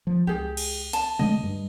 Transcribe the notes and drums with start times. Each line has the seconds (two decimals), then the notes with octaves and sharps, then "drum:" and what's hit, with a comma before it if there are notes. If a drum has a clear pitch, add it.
0.07 F3
0.27 C#2 G4 G#4
0.57 drum: cymbal
0.93 A5, drum: hi-hat
1.19 D3 G#3 A3 D#5
1.43 G2